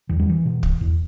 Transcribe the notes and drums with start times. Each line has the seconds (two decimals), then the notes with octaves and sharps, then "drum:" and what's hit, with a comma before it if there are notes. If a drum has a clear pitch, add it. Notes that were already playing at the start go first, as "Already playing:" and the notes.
0.09 E2 E3
0.19 G3
0.29 E3
0.45 B2
0.63 drum: kick
0.81 E2